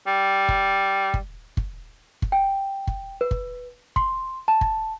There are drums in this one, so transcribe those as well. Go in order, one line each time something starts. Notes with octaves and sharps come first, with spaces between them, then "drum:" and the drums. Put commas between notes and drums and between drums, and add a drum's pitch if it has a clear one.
G3
drum: kick
drum: kick
drum: kick
drum: kick
G5
drum: kick
B4
drum: kick
C6, drum: kick
A5
drum: kick